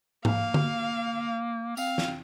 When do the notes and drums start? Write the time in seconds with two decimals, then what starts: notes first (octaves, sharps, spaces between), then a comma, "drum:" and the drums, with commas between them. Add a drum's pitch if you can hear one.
0.25 A#3 F5, drum: tom G#2
0.54 drum: tom D3
1.77 C4 F5, drum: tambourine
1.98 drum: snare